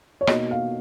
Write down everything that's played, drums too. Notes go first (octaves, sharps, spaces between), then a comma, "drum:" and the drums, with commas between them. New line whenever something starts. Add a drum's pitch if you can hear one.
C#5
B2 A#3 D#4 F#4 D#5, drum: rim click
F5